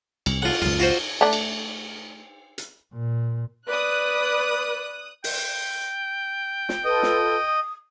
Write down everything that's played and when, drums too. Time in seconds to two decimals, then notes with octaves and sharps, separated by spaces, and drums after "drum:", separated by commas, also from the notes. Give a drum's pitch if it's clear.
0.26 C2, drum: cymbal
0.42 F4 F#5, drum: cymbal
0.62 C#2 F#2 F4
0.80 F4 F#4 C5
1.21 A3 D4
1.33 drum: cymbal
2.58 drum: hi-hat
2.94 A#2
3.68 B4 D5 D#6 F#6
5.24 G5, drum: open hi-hat
6.69 drum: snare
6.84 F4 A4 B4 D#5
7.03 drum: snare
7.47 D#6